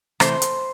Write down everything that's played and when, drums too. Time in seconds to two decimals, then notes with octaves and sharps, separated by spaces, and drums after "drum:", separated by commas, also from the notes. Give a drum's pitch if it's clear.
0.20 C3 E3 A3 C5, drum: rim click
0.42 drum: hi-hat